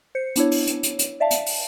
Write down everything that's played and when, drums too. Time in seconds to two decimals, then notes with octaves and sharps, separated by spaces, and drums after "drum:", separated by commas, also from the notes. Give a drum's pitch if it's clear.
0.15 C5 C#7
0.36 B3 D4 E4 C#5, drum: hi-hat
0.52 drum: open hi-hat
0.67 drum: hi-hat
0.83 drum: hi-hat
0.99 drum: hi-hat
1.20 D5 E5 F5 A5
1.31 drum: hi-hat
1.46 drum: open hi-hat